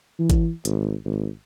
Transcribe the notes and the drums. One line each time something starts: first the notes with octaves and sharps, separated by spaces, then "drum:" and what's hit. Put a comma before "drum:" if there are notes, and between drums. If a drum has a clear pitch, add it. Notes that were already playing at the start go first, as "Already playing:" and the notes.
E3
drum: kick, hi-hat
G#1, drum: hi-hat
G#1